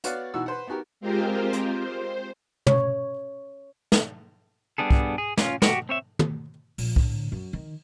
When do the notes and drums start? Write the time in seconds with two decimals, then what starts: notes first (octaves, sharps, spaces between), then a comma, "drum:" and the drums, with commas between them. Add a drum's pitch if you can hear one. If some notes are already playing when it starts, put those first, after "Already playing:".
0.04 B3 F#4 C#5 D5 F5 F#5, drum: hi-hat
0.34 B2 E3 D#4 F#4 E6
0.46 B4 C5 F#5
0.67 B3 D#4 F#4 G4 A#4
1.00 G#3 C4 F4 G4 A#4 C5
1.53 drum: hi-hat
1.78 C5
2.67 C#5, drum: tom
3.92 drum: snare
4.78 G3 B3 D4 G#4 A4
4.91 drum: kick
5.18 G#4
5.37 C#4 F4, drum: snare
5.62 F#4 G4, drum: snare
5.89 C4 C#5 E5
6.19 drum: tom
6.78 A#1, drum: open hi-hat
6.96 A2 D3, drum: kick
7.32 F#2
7.53 D#3